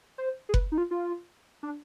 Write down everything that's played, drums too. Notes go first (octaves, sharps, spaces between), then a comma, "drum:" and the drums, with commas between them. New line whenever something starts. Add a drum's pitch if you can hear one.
C5
G#4
B4, drum: kick F#1
D#4
F4
F4
D4